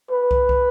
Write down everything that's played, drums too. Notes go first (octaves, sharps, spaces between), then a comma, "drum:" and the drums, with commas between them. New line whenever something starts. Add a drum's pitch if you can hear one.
B4
drum: kick
drum: kick